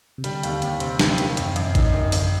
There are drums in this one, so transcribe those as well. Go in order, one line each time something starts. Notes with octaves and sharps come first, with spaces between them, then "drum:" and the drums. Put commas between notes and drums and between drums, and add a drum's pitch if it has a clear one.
C3
D3 G3, drum: hi-hat
D#2, drum: hi-hat
D3
D#2, drum: hi-hat
C3 C4, drum: hi-hat
C4, drum: snare
D#3, drum: hi-hat
F#2, drum: hi-hat
F#2, drum: hi-hat
D#4, drum: kick A1, hi-hat
D3 D#3
F#2 D3, drum: open hi-hat
D3